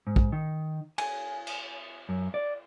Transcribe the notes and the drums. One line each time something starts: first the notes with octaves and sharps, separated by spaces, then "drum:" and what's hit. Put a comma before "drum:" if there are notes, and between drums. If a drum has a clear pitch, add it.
G#2
drum: kick
D#3
G#5, drum: cymbal
drum: cymbal
F#2
D5